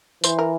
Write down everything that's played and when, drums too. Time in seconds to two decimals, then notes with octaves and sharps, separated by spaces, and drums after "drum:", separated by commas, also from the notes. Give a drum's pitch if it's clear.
0.24 E3 C5, drum: tambourine
0.39 A#4